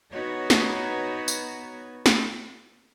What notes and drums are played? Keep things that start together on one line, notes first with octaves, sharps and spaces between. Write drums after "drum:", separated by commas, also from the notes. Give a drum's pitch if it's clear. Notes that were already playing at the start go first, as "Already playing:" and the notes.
B3 D#4 F#4 B4 C#5
drum: snare
drum: tambourine
drum: snare